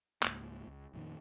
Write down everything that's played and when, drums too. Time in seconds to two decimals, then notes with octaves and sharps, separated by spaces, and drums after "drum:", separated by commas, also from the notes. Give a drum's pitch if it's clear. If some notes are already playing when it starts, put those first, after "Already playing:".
0.23 C#2 G#2 A#3, drum: clap
0.67 C#2
0.93 F2 A#2 D#3